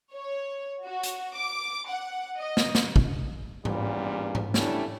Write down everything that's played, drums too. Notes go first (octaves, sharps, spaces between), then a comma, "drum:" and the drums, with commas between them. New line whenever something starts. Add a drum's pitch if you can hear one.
C#5
F#4
drum: hi-hat
D6
F#5
D#5
drum: snare
drum: snare
drum: kick
E2 G2 A#2 G3 C#4, drum: tom G#2
drum: tom G#2
G3 A3 C#4 D4 E4, drum: snare